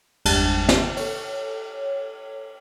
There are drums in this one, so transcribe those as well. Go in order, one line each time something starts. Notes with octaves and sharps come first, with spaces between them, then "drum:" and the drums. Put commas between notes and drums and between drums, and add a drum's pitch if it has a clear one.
G1 E2 G3 G#3 D4 A5, drum: cymbal
drum: snare
A4 C#5, drum: open hi-hat